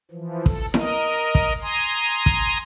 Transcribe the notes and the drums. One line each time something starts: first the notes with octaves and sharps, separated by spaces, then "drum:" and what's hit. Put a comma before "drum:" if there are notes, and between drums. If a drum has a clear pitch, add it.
E3 F3
A4, drum: kick
A#4 D#5, drum: snare E4
drum: kick
G#5 A#5 C6 D#6
drum: kick